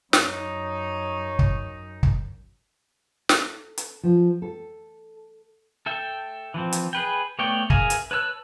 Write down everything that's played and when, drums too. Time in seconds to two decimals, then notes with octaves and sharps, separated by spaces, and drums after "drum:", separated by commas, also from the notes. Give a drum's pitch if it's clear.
0.13 F#2 D#4 C#5, drum: snare
1.39 drum: kick
2.03 drum: kick
3.29 A4, drum: snare
3.78 drum: hi-hat
4.03 F3
4.42 A4
5.86 A4 E5 G5
6.54 E3 F3 C4
6.73 drum: hi-hat
6.93 G#4 B4 G5
7.39 A3 B3 C#5 D5 G5
7.70 G#4 A#4 E5 F5 G#5, drum: kick
7.90 drum: hi-hat
8.11 B4 C#5 A5 E6 F#6